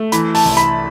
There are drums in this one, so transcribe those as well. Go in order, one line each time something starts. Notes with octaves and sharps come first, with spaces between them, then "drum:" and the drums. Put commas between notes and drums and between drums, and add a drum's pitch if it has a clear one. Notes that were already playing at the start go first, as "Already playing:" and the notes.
Already playing: A3
E3 B5, drum: hi-hat
A5, drum: open hi-hat
C2
B5, drum: hi-hat